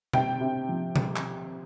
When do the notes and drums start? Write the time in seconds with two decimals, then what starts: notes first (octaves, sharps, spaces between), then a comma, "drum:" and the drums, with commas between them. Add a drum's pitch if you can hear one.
0.13 C3 G5, drum: tom B2
0.41 C3
0.69 F3
0.96 drum: tom B2
1.16 drum: clap